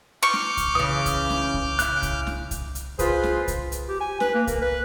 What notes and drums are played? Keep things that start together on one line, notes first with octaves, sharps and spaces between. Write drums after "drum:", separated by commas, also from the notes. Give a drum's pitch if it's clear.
C#6 D6 F6 G6
drum: snare
drum: kick C2, hi-hat
C#3 E3 D#6
drum: kick C2, hi-hat
drum: snare
drum: kick C2
C#3 E4 F#6, drum: hi-hat
drum: kick C2, hi-hat
drum: snare
drum: kick C2, hi-hat
drum: hi-hat
F4 G#4 B4 C5, drum: kick C2, hi-hat
drum: snare
drum: kick C2, hi-hat
drum: hi-hat
G4
G#5
B4, drum: snare
A#3
A#4, drum: kick C2, hi-hat
B4